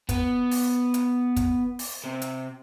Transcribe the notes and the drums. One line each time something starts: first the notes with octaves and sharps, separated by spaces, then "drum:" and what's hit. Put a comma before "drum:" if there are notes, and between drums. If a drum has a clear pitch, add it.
B3, drum: kick, hi-hat
drum: open hi-hat
drum: hi-hat
drum: kick, hi-hat
drum: open hi-hat
C3
drum: hi-hat